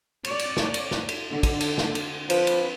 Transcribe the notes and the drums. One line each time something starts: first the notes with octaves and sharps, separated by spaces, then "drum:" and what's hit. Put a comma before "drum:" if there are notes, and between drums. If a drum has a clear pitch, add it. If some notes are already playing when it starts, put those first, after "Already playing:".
C#5 D5, drum: cymbal
drum: cymbal
drum: snare
drum: cymbal
drum: snare
drum: cymbal
D3
drum: kick, cymbal
drum: cymbal
drum: snare
drum: cymbal
F3 B4, drum: cymbal
drum: cymbal